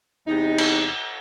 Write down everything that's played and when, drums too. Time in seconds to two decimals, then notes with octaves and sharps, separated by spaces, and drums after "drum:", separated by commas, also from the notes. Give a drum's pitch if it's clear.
0.27 E2 C3 D#4
0.58 drum: cymbal